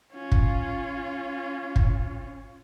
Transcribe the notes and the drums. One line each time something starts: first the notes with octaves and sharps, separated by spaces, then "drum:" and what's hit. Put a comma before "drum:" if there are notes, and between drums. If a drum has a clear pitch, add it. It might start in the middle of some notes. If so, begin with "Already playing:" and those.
C#4 F4
drum: kick
drum: kick